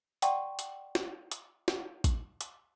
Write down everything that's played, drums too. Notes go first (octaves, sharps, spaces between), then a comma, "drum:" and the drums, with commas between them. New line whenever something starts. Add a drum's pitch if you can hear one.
D5 F#5 G5 A5 C6 C#6, drum: hi-hat
drum: hi-hat
drum: snare
drum: hi-hat
drum: snare
drum: kick A1, hi-hat
drum: hi-hat